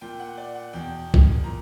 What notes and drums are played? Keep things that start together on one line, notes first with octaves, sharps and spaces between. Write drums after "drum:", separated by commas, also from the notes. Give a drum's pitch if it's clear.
A#2 G5
F#5
D5
F#5
E2 B2 G5
drum: kick
A#2 A#5